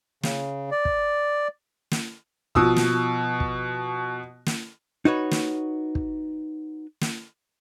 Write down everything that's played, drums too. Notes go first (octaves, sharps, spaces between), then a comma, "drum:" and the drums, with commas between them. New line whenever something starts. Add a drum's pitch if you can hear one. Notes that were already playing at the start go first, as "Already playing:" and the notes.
C#3, drum: snare
D5
drum: kick
drum: snare
B2 F3 D#6 E6, drum: kick
drum: snare
drum: kick
drum: snare
D#4 F#4 B4 C#5
drum: snare
drum: kick
drum: snare